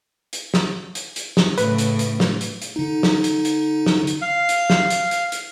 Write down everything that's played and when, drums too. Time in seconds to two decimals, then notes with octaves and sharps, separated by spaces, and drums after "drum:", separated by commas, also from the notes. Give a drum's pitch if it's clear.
0.33 drum: hi-hat
0.54 drum: snare
0.95 drum: hi-hat
1.16 drum: hi-hat
1.37 drum: snare
1.58 A2 C#3 B4, drum: hi-hat
1.78 drum: hi-hat
1.99 drum: hi-hat
2.20 drum: snare
2.41 drum: hi-hat
2.62 drum: hi-hat
2.76 D3 D#4
3.03 drum: snare
3.24 drum: hi-hat
3.45 drum: hi-hat
3.86 drum: snare
4.07 drum: hi-hat
4.22 F5
4.49 drum: hi-hat
4.70 drum: snare
4.90 drum: hi-hat
5.11 drum: hi-hat
5.32 drum: hi-hat